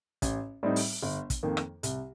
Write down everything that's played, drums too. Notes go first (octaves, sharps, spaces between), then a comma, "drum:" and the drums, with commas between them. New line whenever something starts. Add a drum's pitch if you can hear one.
A1, drum: kick, hi-hat
A2 G3 C4 D#4
drum: open hi-hat
G1
drum: kick, hi-hat
F2 D#3 A#3
drum: rim click
C2, drum: hi-hat